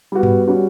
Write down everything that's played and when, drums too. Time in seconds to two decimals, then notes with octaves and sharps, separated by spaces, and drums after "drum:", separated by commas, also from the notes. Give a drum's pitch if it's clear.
0.12 G3 B3 F#4
0.23 drum: tom G2
0.48 G3 C#4 F#4